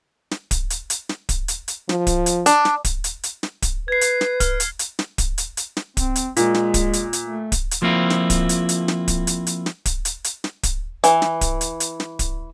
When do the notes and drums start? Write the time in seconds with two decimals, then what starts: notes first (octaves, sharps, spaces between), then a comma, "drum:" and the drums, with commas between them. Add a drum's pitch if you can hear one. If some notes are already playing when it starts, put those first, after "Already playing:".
0.31 drum: snare
0.51 drum: kick D1, hi-hat
0.70 drum: hi-hat
0.90 drum: hi-hat
1.09 drum: snare
1.29 drum: kick D1, hi-hat
1.48 drum: hi-hat
1.68 drum: hi-hat
1.89 F3, drum: snare
2.07 drum: kick D1, hi-hat
2.26 drum: hi-hat
2.46 D4, drum: hi-hat
2.65 drum: snare
2.85 drum: kick D1, hi-hat
3.04 drum: hi-hat
3.23 drum: hi-hat
3.43 drum: snare
3.62 drum: kick D1, hi-hat
3.88 B4 G#6 C7
4.01 drum: hi-hat
4.21 drum: snare
4.40 F6, drum: kick D1, hi-hat
4.60 drum: hi-hat
4.79 drum: hi-hat
4.99 drum: snare
5.18 drum: kick D1, hi-hat
5.38 drum: hi-hat
5.57 drum: hi-hat
5.77 drum: snare
5.97 C4, drum: kick D1, hi-hat
6.16 drum: hi-hat
6.37 A#2 G#3, drum: hi-hat
6.54 drum: snare
6.74 drum: kick D1, hi-hat
6.93 drum: hi-hat
7.13 drum: hi-hat
7.26 A3
7.52 drum: kick D1, hi-hat
7.71 drum: hi-hat
7.82 F3 A#3 C4 E4 F4
8.10 drum: snare
8.30 drum: kick D1, hi-hat
8.49 drum: hi-hat
8.69 drum: hi-hat
8.88 drum: snare
9.08 drum: kick D1, hi-hat
9.27 drum: hi-hat
9.47 drum: hi-hat
9.66 drum: snare
9.85 drum: kick D1, hi-hat
10.05 drum: hi-hat
10.24 drum: hi-hat
10.44 drum: snare
10.63 drum: kick D1, hi-hat
11.04 E3, drum: hi-hat
11.22 drum: snare
11.41 drum: kick D1, hi-hat
11.61 drum: hi-hat
11.80 drum: hi-hat
12.00 drum: snare
12.19 drum: kick D1, hi-hat